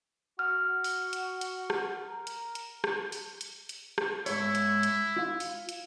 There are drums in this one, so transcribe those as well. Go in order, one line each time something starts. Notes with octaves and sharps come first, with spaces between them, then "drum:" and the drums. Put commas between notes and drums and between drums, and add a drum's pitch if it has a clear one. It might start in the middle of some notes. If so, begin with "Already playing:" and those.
F#4 F6
drum: open hi-hat
drum: hi-hat
drum: hi-hat
drum: rim click
A#4
drum: hi-hat
drum: hi-hat
drum: rim click
drum: open hi-hat
drum: hi-hat
drum: hi-hat
drum: rim click
G#2 E4 C#5, drum: open hi-hat
drum: hi-hat
drum: hi-hat
F4 F5
drum: open hi-hat
drum: hi-hat